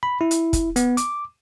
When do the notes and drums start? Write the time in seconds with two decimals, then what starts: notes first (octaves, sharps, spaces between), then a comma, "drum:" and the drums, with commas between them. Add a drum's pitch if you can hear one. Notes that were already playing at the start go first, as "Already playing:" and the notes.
0.03 B5
0.21 E4
0.31 drum: hi-hat
0.53 drum: kick, hi-hat
0.76 B3, drum: hi-hat
0.97 D6, drum: hi-hat